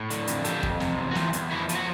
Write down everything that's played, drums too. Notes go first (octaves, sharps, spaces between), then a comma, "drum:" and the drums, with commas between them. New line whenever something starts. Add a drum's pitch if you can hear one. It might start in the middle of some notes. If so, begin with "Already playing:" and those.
Already playing: A2
D3, drum: hi-hat
F2, drum: hi-hat
F3 G4 A4, drum: hi-hat
F2, drum: kick
C3, drum: snare
E2
F#4
E3 F4 G4, drum: snare
E2, drum: hi-hat
F3 E4 F#4
F3, drum: hi-hat
F#4